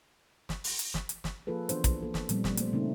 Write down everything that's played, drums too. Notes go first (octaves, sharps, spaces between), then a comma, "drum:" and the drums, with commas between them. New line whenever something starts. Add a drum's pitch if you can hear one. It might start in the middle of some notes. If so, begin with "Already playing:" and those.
drum: snare
drum: open hi-hat
drum: hi-hat
drum: snare
drum: hi-hat
drum: snare
F3 A#3 F4 G#4 A4 B4
E3 B3 D4 C5, drum: hi-hat
drum: kick, hi-hat
A#3 A4
drum: snare
A#2 F3 G3 B3 C4, drum: hi-hat
drum: snare
A3 A#3 C5, drum: hi-hat
C#3 A3 C4 C#4 D#4